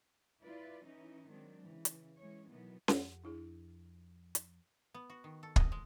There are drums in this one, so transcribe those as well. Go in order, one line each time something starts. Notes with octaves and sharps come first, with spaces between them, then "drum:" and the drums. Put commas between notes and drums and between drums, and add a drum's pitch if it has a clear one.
E4 F4 B4 D5
E3 C#4 D#4 E4
D#3 F#3 G#3 C4 D4
C#3 E3
drum: hi-hat
E3 G#3 C#4 C#5
B2 D#3 E3 F#3 B3
F2 G4 F#5, drum: snare C#4
D4 E4 G#4
drum: hi-hat
B3
F#4
D#3
A4
D#5, drum: kick
G#3